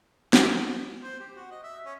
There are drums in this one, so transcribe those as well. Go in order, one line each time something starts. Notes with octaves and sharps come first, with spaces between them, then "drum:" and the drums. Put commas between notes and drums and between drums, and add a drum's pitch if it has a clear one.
drum: snare
C5
G4
F#4
D#5
E5
C#4